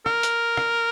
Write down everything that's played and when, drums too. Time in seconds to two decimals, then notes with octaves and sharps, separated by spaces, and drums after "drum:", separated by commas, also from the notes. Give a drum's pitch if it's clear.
0.06 A#4, drum: rim click
0.23 drum: hi-hat
0.57 drum: rim click